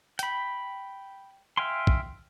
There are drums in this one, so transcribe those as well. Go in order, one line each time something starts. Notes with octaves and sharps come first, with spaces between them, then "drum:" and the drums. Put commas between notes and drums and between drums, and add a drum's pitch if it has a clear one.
G5 B5, drum: hi-hat
E5 F5 G5 G#5 C6
drum: kick